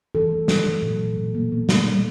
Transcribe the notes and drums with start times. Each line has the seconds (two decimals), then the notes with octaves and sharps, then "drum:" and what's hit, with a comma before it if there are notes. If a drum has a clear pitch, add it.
0.15 E3 A4
0.32 A3
0.48 C3, drum: snare
0.66 F#3
0.83 A#2
1.00 F#3
1.17 B2
1.35 A#3
1.52 A#3
1.69 A#3, drum: snare
1.85 G3